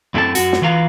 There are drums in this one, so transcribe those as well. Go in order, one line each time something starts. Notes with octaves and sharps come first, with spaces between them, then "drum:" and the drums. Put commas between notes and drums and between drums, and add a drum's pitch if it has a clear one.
F#2 A3 C4 E4 F#4 A5
F#2 F#4, drum: hi-hat
drum: snare
E3 F4 B4 F5 A#5